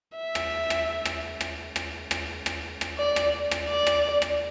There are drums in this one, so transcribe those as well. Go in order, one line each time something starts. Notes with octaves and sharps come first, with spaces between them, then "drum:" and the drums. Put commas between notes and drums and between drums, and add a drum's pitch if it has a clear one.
E5
drum: rim click
drum: rim click
drum: rim click
drum: rim click
drum: rim click
drum: rim click
drum: rim click
drum: rim click
D5
drum: rim click
drum: rim click
D5
drum: rim click
drum: rim click